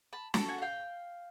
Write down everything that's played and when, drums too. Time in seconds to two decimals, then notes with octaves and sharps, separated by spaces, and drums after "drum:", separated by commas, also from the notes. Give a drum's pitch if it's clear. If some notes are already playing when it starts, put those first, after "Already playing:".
0.13 A5 B5
0.34 D4 F#4 A4 G5 A5, drum: snare
0.48 F#5 G#5
0.58 F#5
0.62 F5 G5